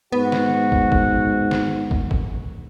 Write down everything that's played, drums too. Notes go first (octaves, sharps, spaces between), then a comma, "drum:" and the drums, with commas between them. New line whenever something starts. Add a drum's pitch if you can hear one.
G#2 B3 F#4
drum: snare
drum: kick
drum: kick
drum: snare
drum: kick
drum: kick